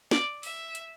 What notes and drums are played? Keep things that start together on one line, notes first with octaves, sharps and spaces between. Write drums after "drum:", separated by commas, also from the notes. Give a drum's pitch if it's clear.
D5, drum: snare
E5, drum: open hi-hat
drum: hi-hat